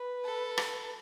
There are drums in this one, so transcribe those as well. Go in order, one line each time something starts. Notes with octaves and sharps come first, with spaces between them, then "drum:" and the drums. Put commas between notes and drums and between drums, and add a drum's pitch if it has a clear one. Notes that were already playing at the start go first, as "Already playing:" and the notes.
Already playing: B4
A4
drum: rim click